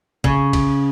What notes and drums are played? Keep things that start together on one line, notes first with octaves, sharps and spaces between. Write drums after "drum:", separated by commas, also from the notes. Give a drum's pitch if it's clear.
C#3, drum: kick B1
drum: kick B1, cymbal